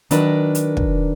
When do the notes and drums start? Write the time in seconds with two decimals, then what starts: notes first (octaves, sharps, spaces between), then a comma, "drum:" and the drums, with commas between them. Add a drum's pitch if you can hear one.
0.11 D#3 F#3 D4 A#4 B4, drum: hi-hat
0.55 drum: hi-hat
0.77 drum: kick